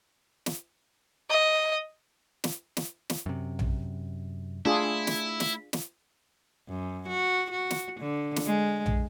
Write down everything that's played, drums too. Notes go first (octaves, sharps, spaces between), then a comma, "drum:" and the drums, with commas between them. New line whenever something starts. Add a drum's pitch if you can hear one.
drum: snare
D#5
drum: snare
drum: snare
drum: snare
F#2 C3
drum: tom A#1
A3 D4 E4 F4 G#4
drum: snare
drum: snare
drum: snare
F#2
F#4
F#4
drum: snare
D3
drum: snare
G#3
drum: tom A#1